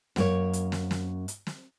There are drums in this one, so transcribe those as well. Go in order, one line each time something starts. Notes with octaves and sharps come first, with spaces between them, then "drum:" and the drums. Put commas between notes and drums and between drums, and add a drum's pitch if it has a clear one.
F#2 A#3 C#5, drum: snare
drum: hi-hat
drum: snare
drum: snare
drum: hi-hat
drum: snare